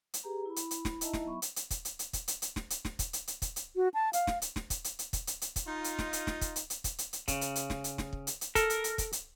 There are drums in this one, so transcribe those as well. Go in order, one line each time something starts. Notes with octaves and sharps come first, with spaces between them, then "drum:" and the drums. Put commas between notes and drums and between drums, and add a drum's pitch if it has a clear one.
drum: hi-hat
G4 G#4 B4 A#5
E4 B5
drum: hi-hat
drum: hi-hat
drum: snare
D#4 E4 D#5 E5 A5 A#5, drum: hi-hat
drum: snare
F#3 B3 E5 B5 C#6
drum: hi-hat
drum: hi-hat
drum: kick, hi-hat
drum: hi-hat
drum: hi-hat
drum: kick, hi-hat
drum: hi-hat
drum: hi-hat
drum: snare
drum: hi-hat
drum: snare
drum: kick, hi-hat
drum: hi-hat
drum: hi-hat
drum: kick, hi-hat
drum: hi-hat
F#4
A5
F5, drum: hi-hat
drum: snare
drum: hi-hat
drum: snare
drum: kick, hi-hat
drum: hi-hat
drum: hi-hat
drum: kick, hi-hat
drum: hi-hat
drum: hi-hat
drum: kick, hi-hat
D#4 F4
drum: hi-hat
drum: snare
drum: hi-hat
drum: snare
drum: kick, hi-hat
drum: hi-hat
drum: hi-hat
drum: kick, hi-hat
drum: hi-hat
drum: hi-hat
C#3, drum: kick, hi-hat
drum: hi-hat
drum: hi-hat
drum: snare
drum: hi-hat
drum: snare
drum: kick
drum: hi-hat
drum: hi-hat
A4 A#4, drum: kick, hi-hat
drum: hi-hat
drum: hi-hat
drum: kick, hi-hat
drum: hi-hat